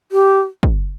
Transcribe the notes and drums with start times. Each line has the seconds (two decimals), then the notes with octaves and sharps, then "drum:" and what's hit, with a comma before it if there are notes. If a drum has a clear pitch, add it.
0.12 G4
0.63 drum: kick